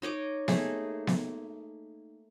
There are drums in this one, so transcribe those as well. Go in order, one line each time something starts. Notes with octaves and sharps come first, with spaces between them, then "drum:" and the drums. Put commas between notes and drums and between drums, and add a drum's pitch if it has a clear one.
D#4 C#5 D#5 D6
A3 A#3 D#4 G#4, drum: snare B3
drum: snare B3